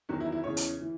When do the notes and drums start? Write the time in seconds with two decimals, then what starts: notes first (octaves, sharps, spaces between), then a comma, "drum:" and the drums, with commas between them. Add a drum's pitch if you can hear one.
0.09 E2 D#3 F#3 F#4
0.20 E4
0.32 E4
0.44 E2 C#3 E3 C#5
0.57 drum: hi-hat
0.81 E3